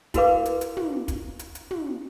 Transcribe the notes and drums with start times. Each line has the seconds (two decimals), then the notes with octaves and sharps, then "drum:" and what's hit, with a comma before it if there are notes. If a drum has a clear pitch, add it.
0.14 E4 F#4 A#4 B4 F5 D6, drum: kick, hi-hat
0.45 drum: hi-hat
0.61 drum: hi-hat
0.77 drum: tom
1.08 drum: kick, hi-hat
1.39 drum: hi-hat
1.55 drum: hi-hat
1.71 drum: tom